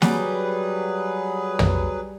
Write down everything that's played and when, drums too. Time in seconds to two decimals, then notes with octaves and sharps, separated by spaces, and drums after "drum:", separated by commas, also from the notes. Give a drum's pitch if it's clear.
0.02 F#3 G3 G#4 B4 F#5, drum: snare
1.59 drum: tom